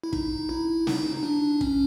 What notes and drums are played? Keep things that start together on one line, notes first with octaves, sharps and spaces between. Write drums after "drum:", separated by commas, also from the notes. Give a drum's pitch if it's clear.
E4
D#4, drum: kick
E4
D#4, drum: snare
D#4
D4
C#4, drum: kick